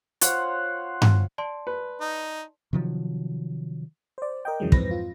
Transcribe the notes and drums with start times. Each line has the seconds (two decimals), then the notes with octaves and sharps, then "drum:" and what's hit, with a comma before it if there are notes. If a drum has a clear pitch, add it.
0.21 F4 C5 C#5 F#5, drum: hi-hat
1.02 drum: tom G2
1.38 D5 A5 C6
1.67 B4
2.01 D#4
2.73 C3 D#3 F3 F#3
4.18 C5 D5
4.45 A#4 D#5 G5
4.60 F2 C#3 E3 F#3 G#3
4.72 F2 G#2 C4 B4 A#6, drum: kick
4.91 F4